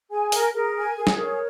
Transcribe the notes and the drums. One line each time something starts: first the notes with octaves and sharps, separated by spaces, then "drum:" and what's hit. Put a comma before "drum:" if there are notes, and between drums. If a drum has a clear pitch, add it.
G#4 G#5
A#4, drum: open hi-hat
G#4 A#4
G#5
G#4 A#4
C5, drum: snare
A#4 C#5